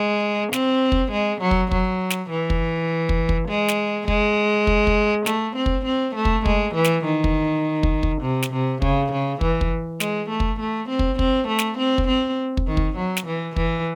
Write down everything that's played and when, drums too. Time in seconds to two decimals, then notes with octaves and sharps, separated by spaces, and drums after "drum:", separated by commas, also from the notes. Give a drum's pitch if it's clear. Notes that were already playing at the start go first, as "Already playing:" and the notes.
Already playing: G#3
0.53 C4, drum: snare
0.92 drum: kick
1.12 G#3
1.41 F#3
1.51 drum: kick
1.71 F#3, drum: kick
2.10 drum: snare
2.30 E3
2.50 drum: kick
3.09 drum: kick
3.29 drum: kick
3.48 G#3
3.68 drum: snare
4.08 G#3, drum: kick
4.67 drum: kick
4.87 drum: kick
5.26 A3, drum: snare
5.56 C4
5.66 drum: kick
5.85 C4
6.15 A3
6.25 drum: kick
6.46 G#3, drum: kick
6.75 E3
6.84 drum: snare
7.05 D#3
7.24 drum: kick
7.83 drum: kick
8.03 drum: kick
8.22 C3
8.42 drum: snare
8.53 C3
8.82 C#3, drum: kick
9.12 C#3
9.41 E3, drum: kick
9.61 drum: kick
10.00 G#3, drum: snare
10.30 A3
10.40 drum: kick
10.60 A3
10.89 C4
10.99 drum: kick
11.19 C4, drum: kick
11.48 A3
11.59 drum: snare
11.78 C4
11.98 drum: kick
12.08 C4
12.57 drum: kick
12.67 D#3
12.77 drum: kick
12.96 F#3
13.17 drum: snare
13.27 E3
13.56 E3, drum: kick